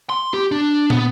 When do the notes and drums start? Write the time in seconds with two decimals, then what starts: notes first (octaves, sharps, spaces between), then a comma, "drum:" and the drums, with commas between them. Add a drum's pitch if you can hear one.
0.10 C6
0.34 G4
0.52 D4
0.90 B3, drum: tom